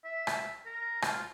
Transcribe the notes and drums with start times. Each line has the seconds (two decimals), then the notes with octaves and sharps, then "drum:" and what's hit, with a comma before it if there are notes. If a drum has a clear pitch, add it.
0.04 E5
0.27 drum: rim click
0.66 A#4
1.02 F4, drum: rim click